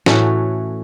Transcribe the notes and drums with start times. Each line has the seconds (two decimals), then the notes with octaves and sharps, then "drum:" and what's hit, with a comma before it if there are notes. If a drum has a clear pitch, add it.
0.06 A2 E3 A3 C#4 F#4, drum: snare